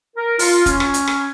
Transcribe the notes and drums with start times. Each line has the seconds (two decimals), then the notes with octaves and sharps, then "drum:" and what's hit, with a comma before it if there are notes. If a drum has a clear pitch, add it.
0.16 A#4
0.39 F4, drum: open hi-hat
0.66 C#4, drum: kick, hi-hat
0.80 drum: rim click
0.94 drum: hi-hat
1.07 drum: rim click